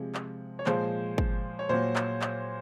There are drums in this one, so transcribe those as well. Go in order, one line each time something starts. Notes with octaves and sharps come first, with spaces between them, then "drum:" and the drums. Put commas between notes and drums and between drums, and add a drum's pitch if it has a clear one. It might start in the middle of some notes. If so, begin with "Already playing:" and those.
Already playing: C3 F3 G#3
drum: clap
C#5
A#2 F3 G#3 C5, drum: clap
drum: kick
C#5
A#2 F#3 C5
drum: clap
drum: clap